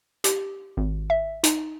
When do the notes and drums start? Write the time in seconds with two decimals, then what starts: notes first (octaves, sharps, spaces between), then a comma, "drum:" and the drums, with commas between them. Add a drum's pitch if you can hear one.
0.24 G4, drum: hi-hat
0.77 G#1
1.10 E5
1.44 D#4, drum: hi-hat